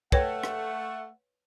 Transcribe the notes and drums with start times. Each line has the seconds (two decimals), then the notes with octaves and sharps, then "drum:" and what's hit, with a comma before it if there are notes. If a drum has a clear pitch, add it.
0.12 A3 B4 C#5 F#5 G5, drum: kick
0.43 drum: rim click